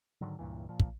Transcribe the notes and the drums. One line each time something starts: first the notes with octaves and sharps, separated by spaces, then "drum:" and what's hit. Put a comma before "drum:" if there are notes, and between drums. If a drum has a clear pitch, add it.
G#2 D3 D#3 F#3
C#2 G2 A#2 E3
A#2 F3
drum: kick